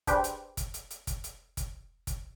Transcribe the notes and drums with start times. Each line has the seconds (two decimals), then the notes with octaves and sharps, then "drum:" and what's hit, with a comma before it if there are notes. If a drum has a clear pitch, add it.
0.07 D4 G4 G#4 B4 C5 G5, drum: kick, hi-hat
0.24 drum: hi-hat
0.57 drum: kick, hi-hat
0.74 drum: hi-hat
0.91 drum: hi-hat
1.07 drum: kick, hi-hat
1.24 drum: hi-hat
1.57 drum: kick, hi-hat
2.07 drum: kick, hi-hat